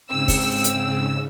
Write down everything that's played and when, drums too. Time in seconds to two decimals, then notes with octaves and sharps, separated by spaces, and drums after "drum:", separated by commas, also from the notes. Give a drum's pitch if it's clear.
0.10 G#2 C#3 C4 E6
0.28 drum: kick, open hi-hat
0.64 drum: hi-hat